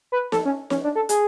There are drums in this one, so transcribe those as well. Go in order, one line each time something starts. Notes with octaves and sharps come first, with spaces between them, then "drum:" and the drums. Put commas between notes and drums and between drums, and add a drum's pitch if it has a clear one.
B4
A4, drum: snare
C#4
C#4, drum: snare
D4
A4
G#4, drum: hi-hat